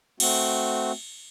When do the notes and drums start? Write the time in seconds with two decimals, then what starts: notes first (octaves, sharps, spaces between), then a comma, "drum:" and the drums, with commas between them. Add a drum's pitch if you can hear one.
0.20 A3 C4 F#4, drum: cymbal